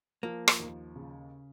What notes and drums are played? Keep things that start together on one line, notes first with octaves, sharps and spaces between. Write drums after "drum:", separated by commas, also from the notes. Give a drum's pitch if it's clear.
F3 A#3
drum: rim click
D#2
C#3